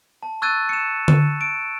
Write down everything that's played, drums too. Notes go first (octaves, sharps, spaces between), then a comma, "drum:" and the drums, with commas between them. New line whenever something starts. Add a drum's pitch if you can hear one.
A5
C#6 E6 F#6 G#6 A6 D#7
C#7 E7
drum: tom D3
D7